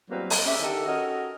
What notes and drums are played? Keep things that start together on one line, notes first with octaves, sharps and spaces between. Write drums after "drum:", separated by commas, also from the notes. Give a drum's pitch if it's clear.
E2 F#3 G3 A#3 C4 B4
drum: open hi-hat
C#3 C#4 G4 E5
D3 D#3 D4 D#4 G4 A4
C#4 F#4 A4 A#4 D#5